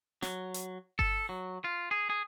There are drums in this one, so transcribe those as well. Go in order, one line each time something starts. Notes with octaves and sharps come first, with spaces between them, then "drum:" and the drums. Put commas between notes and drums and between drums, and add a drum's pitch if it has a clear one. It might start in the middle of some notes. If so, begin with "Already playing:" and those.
F#3, drum: snare
drum: hi-hat
A4, drum: kick G1
F#3
F4
G#4
G#4